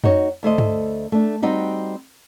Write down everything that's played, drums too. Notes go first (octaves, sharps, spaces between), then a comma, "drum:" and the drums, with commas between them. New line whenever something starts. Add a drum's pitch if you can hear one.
D#4 F#4 C#5, drum: tom F2
D2 A3 C5 D#5
drum: tom G2
A3 D4
G3 C4 D#4 F#4 G4